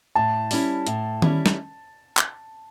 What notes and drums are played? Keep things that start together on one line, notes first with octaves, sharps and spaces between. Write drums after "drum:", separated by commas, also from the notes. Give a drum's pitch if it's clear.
A2 A5
G3 C#4 E4, drum: open hi-hat
A2, drum: hi-hat
G3 C#4 E4, drum: tom D#3
drum: snare
drum: clap